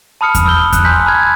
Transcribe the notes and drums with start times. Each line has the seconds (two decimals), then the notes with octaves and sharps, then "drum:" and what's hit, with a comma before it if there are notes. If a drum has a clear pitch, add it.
0.21 A5 B5 D#6 F6 C#7
0.35 drum: kick E2, hi-hat
0.45 B5 E6 F6 G6 G7
0.73 F#6, drum: kick E2, hi-hat
0.85 G#5 A#5 C6 F6 G6 B6
1.06 A5 B5 F6 G#6